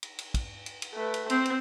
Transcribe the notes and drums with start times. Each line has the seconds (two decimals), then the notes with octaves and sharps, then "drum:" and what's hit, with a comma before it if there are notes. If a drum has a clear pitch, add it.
0.03 drum: cymbal
0.19 drum: cymbal
0.34 drum: kick, cymbal
0.66 drum: cymbal
0.82 drum: cymbal
0.94 A3 B4
1.14 drum: cymbal
1.30 C4 C5, drum: cymbal
1.45 drum: cymbal